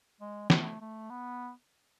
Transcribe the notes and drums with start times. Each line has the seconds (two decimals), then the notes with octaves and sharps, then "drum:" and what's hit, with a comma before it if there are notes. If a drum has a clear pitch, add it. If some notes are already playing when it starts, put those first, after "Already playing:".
0.21 G#3
0.50 A3, drum: snare
0.80 A3
1.10 B3